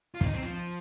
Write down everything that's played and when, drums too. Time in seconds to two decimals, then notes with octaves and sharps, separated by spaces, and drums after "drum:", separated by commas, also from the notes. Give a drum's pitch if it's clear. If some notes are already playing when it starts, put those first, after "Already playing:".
0.15 F4
0.21 C4, drum: kick
0.25 D#4
0.34 C4
0.43 F3